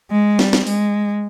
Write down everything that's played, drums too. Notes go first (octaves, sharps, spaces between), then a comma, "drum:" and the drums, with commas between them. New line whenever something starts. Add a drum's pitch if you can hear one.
G#3
G3, drum: snare
drum: snare
G#3, drum: open hi-hat